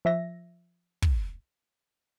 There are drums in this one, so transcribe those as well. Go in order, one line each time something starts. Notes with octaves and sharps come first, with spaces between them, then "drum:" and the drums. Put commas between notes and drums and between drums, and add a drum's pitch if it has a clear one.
F3 E5 A#6
drum: kick